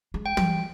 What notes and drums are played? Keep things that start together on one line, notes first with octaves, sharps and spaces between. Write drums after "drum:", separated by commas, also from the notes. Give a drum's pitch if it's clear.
G#3
G5
G3, drum: tom